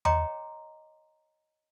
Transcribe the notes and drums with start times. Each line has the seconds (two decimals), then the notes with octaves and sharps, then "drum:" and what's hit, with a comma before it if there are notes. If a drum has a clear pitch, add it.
0.05 C#5 D#5 G5 A#5 C6 D6, drum: tom E2